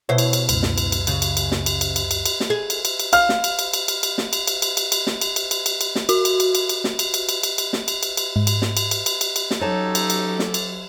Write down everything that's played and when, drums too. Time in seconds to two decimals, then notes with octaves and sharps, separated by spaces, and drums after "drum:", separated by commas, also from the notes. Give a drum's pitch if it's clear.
0.09 B2 E4 C5 C#5
0.18 drum: cymbal
0.33 drum: cymbal
0.49 C#2 F#2, drum: cymbal
0.63 drum: snare
0.78 drum: cymbal
0.92 drum: cymbal
1.07 C#3, drum: cymbal
1.22 drum: cymbal
1.37 drum: cymbal
1.52 drum: snare
1.66 drum: cymbal
1.81 drum: cymbal
1.96 drum: cymbal
2.11 drum: cymbal
2.26 drum: cymbal
2.40 drum: snare
2.50 G#4
2.70 drum: cymbal
2.85 drum: cymbal
2.99 drum: cymbal
3.13 F5 F6, drum: cymbal
3.29 drum: snare
3.44 drum: cymbal
3.59 drum: cymbal
3.73 drum: cymbal
3.88 drum: cymbal
4.03 drum: cymbal
4.18 drum: snare
4.33 drum: cymbal
4.47 drum: cymbal
4.62 drum: cymbal
4.77 drum: cymbal
4.92 drum: cymbal
5.07 drum: snare
5.21 drum: cymbal
5.36 drum: cymbal
5.51 drum: cymbal
5.66 drum: cymbal
5.81 drum: cymbal
5.95 drum: snare
6.09 F#4, drum: cymbal
6.25 drum: cymbal
6.40 drum: cymbal
6.55 drum: cymbal
6.69 drum: cymbal
6.84 drum: snare
6.99 drum: cymbal
7.14 drum: cymbal
7.29 drum: cymbal
7.43 drum: cymbal
7.58 drum: cymbal
7.73 drum: snare
7.88 drum: cymbal
8.03 drum: cymbal
8.17 drum: cymbal
8.36 G#2
8.47 drum: cymbal
8.62 drum: snare
8.77 drum: cymbal
8.91 drum: cymbal
9.06 drum: cymbal
9.21 drum: cymbal
9.36 drum: cymbal
9.51 drum: snare
9.61 F#3 C#4 D#4 G4 A4 C#5 A5
9.95 drum: cymbal
10.10 drum: cymbal
10.39 drum: snare
10.54 drum: cymbal